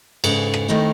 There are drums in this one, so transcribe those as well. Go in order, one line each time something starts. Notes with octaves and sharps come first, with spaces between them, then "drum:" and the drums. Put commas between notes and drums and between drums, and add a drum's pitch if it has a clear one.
G#2 C#3 A4 B4, drum: cymbal
drum: rim click
D#3 A3 C4 D#4 E4